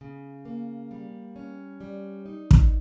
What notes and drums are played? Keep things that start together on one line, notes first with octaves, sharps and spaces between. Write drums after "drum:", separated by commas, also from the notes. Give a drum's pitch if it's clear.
C#3
A#3
G3
C#4
G3
D#4
drum: kick